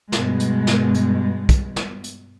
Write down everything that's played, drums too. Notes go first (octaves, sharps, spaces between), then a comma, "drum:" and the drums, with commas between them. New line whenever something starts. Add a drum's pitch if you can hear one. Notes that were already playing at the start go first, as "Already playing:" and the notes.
G2 B2 G#3, drum: snare
drum: hi-hat
drum: snare
drum: hi-hat
drum: kick, hi-hat
drum: snare
drum: hi-hat